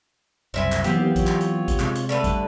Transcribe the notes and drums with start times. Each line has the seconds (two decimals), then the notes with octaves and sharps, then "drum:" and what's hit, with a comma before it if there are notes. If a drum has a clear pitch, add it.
0.54 F#1 C2 C4 E4 G#5
0.72 drum: clap
0.84 D#2 E3 F#3 B3 C4 G4 F5, drum: hi-hat
1.16 F4 C#5, drum: kick A1, hi-hat
1.27 drum: clap
1.41 drum: hi-hat
1.68 drum: kick A1, hi-hat
1.79 C3 G#3, drum: clap
1.95 drum: hi-hat
2.09 D3 A3 B4
2.24 G2, drum: kick A1, hi-hat